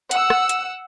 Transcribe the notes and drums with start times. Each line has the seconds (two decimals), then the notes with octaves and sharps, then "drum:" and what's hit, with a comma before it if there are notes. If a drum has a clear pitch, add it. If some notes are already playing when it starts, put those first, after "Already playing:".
0.11 F#5 E6, drum: hi-hat
0.30 drum: rim click
0.49 drum: hi-hat